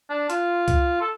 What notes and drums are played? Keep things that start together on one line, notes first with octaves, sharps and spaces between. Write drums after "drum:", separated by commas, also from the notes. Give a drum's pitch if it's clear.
D4
F4, drum: hi-hat
drum: kick C2, hi-hat
A4